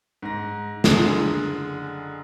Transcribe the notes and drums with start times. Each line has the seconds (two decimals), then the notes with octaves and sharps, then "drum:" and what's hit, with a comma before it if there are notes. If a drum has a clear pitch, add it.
0.22 G#2 A#6
0.84 F#1 D3 G#4, drum: snare